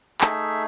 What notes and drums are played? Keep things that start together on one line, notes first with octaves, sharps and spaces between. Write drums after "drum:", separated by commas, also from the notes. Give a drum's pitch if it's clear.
A3 D#4 G#4 E5, drum: clap